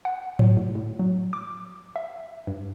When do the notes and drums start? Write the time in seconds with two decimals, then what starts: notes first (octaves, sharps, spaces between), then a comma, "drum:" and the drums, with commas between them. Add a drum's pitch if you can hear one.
0.05 F#5
0.39 F#3, drum: tom G#2
0.57 A2
0.75 A2
0.99 F#3
1.33 D6
1.96 E5
2.47 G2